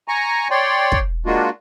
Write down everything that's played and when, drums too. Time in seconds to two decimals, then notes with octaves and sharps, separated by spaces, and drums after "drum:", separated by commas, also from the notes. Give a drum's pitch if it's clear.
0.08 G#5 A#5 C#6
0.51 C#5 D5 G5 C6
0.92 drum: kick
1.26 G#3 A#3 D4 F4 F#4